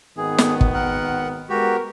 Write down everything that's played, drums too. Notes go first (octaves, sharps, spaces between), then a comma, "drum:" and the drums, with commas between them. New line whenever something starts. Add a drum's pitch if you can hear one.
G#1 D#3 B3 G#4
drum: snare
drum: kick
A#4 F#5
G#3 B3 F#4 G4 A#4